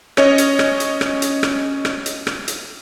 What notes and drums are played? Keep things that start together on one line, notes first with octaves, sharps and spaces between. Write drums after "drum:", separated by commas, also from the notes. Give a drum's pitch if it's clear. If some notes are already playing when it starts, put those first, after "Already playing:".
C#4 C#5 D#5, drum: rim click
drum: hi-hat
drum: rim click
drum: hi-hat
drum: rim click
drum: hi-hat
drum: rim click
drum: rim click
drum: hi-hat
drum: rim click
drum: hi-hat